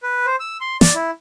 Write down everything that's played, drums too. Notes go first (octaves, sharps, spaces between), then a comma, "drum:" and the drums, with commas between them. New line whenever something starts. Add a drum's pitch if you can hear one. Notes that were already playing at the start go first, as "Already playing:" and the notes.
B4
C5
E6
C6
D5, drum: snare
E4